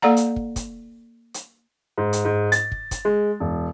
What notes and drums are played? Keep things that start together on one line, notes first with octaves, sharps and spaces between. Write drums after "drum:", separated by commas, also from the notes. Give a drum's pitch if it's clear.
A#3 A4 D5 F#5 A#5
drum: hi-hat
drum: kick
drum: kick, hi-hat
drum: hi-hat
G#2
drum: hi-hat
G#2
A6, drum: hi-hat
drum: kick
drum: kick, hi-hat
G#3
E1